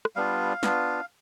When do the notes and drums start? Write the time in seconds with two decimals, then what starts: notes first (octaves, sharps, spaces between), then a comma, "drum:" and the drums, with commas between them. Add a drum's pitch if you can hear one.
0.05 drum: rim click
0.16 G3 B3 D4 F4 F5
0.63 B3 D4 F4, drum: snare